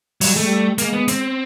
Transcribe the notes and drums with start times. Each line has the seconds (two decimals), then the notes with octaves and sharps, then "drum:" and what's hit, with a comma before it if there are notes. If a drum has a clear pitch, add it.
0.21 F#3 G3, drum: open hi-hat
0.33 G#3 A3
0.45 G3
0.78 G#3 A#3, drum: hi-hat
0.93 B3
1.08 C4, drum: hi-hat